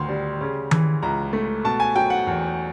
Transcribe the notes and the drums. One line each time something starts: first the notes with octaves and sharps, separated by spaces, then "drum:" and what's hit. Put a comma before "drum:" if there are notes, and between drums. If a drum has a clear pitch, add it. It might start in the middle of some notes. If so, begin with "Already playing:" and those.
Already playing: D2 D#3 C6
G3
C#3
E3, drum: tom D#3
C#2 A#5
A3
B2 A5
G#5
F#3 G5
F#5
E2